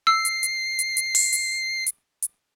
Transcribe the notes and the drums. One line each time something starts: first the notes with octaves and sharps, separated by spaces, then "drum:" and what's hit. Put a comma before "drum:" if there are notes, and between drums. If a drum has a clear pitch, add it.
E6 C7
drum: hi-hat
drum: hi-hat
drum: hi-hat
drum: hi-hat
drum: open hi-hat
drum: hi-hat
drum: hi-hat
drum: hi-hat